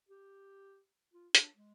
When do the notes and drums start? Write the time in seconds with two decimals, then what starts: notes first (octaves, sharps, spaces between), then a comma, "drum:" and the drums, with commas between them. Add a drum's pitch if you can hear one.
0.09 G4
1.14 F4
1.35 D4, drum: hi-hat
1.55 G#3